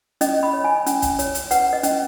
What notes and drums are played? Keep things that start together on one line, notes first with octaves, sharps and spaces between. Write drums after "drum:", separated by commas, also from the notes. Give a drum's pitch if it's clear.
C#4 D#5, drum: hi-hat
B5
C#5
G#5
C#4, drum: hi-hat
drum: kick, hi-hat
C#5, drum: hi-hat
drum: hi-hat
B4 F#5, drum: hi-hat
D#5
C#4, drum: hi-hat